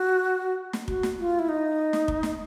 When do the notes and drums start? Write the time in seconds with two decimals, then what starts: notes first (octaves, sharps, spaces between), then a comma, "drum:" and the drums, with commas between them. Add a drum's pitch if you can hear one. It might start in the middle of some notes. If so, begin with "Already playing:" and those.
Already playing: F#4
0.73 drum: snare
0.88 F#4, drum: kick
1.03 drum: snare
1.19 F4
1.39 E4
1.49 D#4
1.93 drum: snare
2.08 drum: kick
2.23 drum: snare